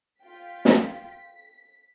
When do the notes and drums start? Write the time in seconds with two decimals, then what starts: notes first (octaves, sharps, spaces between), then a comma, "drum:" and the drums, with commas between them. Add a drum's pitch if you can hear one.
0.22 F4 G5 B6
0.65 drum: snare
1.08 B6